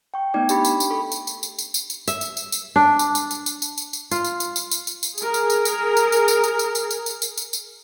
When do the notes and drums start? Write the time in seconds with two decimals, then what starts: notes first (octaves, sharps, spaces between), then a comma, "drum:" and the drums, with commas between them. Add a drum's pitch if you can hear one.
0.14 G5 C#6
0.34 A3 B3 D#4 D5 G5 D6
0.49 D4 G4 B5, drum: tambourine
0.65 drum: tambourine
0.80 drum: tambourine
0.90 A4 B5 C#6
1.12 drum: tambourine
1.27 drum: tambourine
1.43 drum: tambourine
1.59 drum: tambourine
1.74 drum: tambourine
1.90 drum: tambourine
2.08 E5, drum: tambourine
2.21 drum: tambourine
2.37 drum: tambourine
2.52 drum: tambourine
2.76 D4
2.99 drum: tambourine
3.15 drum: tambourine
3.31 drum: tambourine
3.46 drum: tambourine
3.62 drum: tambourine
3.78 drum: tambourine
3.93 drum: tambourine
4.11 F4, drum: tambourine
4.25 drum: tambourine
4.40 drum: tambourine
4.56 drum: tambourine
4.71 drum: tambourine
4.87 drum: tambourine
5.03 drum: tambourine
5.18 G#4 A#4, drum: tambourine
5.34 drum: tambourine
5.50 drum: tambourine
5.65 drum: tambourine
5.97 drum: tambourine
6.12 drum: tambourine
6.28 drum: tambourine
6.44 drum: tambourine
6.59 drum: tambourine
6.75 drum: tambourine
6.91 drum: tambourine
7.06 drum: tambourine
7.22 drum: tambourine
7.37 drum: tambourine
7.53 drum: tambourine